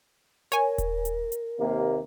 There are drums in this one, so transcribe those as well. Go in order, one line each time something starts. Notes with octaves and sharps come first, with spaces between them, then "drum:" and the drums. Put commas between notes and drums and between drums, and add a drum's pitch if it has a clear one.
A#4 C#5 G#5, drum: hi-hat
drum: kick D#1, hi-hat
drum: hi-hat
drum: hi-hat
D#2 C3 A#3